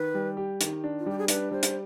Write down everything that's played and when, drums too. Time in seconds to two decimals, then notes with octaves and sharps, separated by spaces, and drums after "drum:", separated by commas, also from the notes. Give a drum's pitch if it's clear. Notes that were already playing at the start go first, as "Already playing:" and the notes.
Already playing: D#3 B4
0.15 G3
0.37 G4
0.61 D#3, drum: hi-hat
0.84 D4
1.00 F4
1.06 G3 G4
1.19 G#4
1.28 D4 B4, drum: hi-hat
1.51 G3 C5
1.63 drum: hi-hat